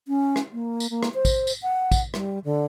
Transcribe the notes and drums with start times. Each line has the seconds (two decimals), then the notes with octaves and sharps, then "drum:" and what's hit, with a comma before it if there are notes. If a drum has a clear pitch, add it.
0.08 C#4
0.36 drum: rim click
0.53 A#3
0.80 drum: tambourine
0.90 A#3
1.03 drum: rim click
1.14 C5
1.25 drum: kick, tambourine
1.47 drum: tambourine
1.62 F#5
1.92 drum: kick, tambourine
2.14 G3, drum: rim click
2.45 D3